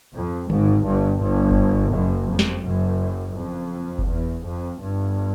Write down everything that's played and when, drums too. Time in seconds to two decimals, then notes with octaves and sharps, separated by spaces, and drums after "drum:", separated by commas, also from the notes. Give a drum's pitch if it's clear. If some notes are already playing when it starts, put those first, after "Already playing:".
0.14 F2
0.50 G#1 G#2, drum: tom D3
0.86 G1 G2
1.21 G1 G2
1.51 drum: kick F#1
1.93 F#1 F#2
2.30 F2
2.39 drum: snare
2.64 F#1 F#2
3.37 F2
3.98 drum: kick F#1
4.08 E2
4.45 F2
4.79 G1 G2